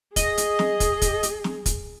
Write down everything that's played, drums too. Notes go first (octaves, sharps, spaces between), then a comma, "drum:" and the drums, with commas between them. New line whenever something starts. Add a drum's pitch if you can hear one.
G#4 D#5, drum: kick, hi-hat
drum: hi-hat
drum: snare
drum: kick, hi-hat
drum: kick, hi-hat
drum: hi-hat
drum: snare
drum: kick, hi-hat